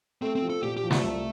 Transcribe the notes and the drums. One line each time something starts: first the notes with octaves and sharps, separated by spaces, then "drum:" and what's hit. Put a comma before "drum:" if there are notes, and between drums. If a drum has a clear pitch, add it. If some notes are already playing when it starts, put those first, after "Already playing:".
A3 C4
C4
F3
A4
A#2 G4
G4
F3
A3, drum: snare
C2